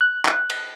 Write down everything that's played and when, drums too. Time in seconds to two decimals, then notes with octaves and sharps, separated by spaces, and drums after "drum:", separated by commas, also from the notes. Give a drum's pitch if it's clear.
0.01 F#6
0.25 drum: clap
0.50 drum: cymbal